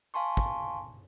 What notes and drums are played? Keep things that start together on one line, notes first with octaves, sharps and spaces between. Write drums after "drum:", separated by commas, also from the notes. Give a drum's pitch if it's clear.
F5 G#5 A5 C6 C#6
drum: kick